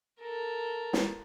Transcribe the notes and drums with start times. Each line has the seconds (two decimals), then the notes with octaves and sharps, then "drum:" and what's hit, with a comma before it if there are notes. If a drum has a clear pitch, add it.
0.20 A4 A#4
0.93 drum: snare